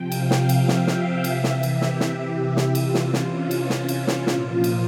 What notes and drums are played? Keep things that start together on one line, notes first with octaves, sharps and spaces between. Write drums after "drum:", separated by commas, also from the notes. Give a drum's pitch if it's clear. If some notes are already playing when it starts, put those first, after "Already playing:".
Already playing: C3 F3 G5
F5, drum: cymbal
drum: snare
E5, drum: cymbal
drum: snare
drum: snare
C3 E3, drum: cymbal
drum: snare
G4, drum: cymbal
drum: snare
drum: snare
drum: snare
C3 E3 F4, drum: cymbal
drum: snare
C#4, drum: snare
drum: cymbal
drum: snare
F4, drum: cymbal
drum: snare
A#2 F3, drum: snare
drum: cymbal